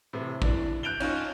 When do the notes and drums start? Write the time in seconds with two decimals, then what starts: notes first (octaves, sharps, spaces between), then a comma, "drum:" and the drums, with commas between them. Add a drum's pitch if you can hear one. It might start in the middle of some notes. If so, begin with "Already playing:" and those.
0.13 A2 C3 E3
0.42 E3 D4, drum: kick
0.83 F#6 G6 D7 F7 G7
1.00 C#4 D#4 F4 C#5, drum: cymbal